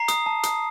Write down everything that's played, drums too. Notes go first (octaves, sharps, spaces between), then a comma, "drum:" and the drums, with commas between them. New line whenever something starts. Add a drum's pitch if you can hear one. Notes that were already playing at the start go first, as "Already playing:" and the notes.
Already playing: A#5 C7
D#6, drum: hi-hat
A5
D#6, drum: hi-hat